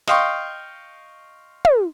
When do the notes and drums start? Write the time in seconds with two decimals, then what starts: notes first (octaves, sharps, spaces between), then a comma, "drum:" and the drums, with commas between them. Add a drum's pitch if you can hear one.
0.07 D#5 F5 G5 C6 C#6, drum: snare
1.65 drum: tom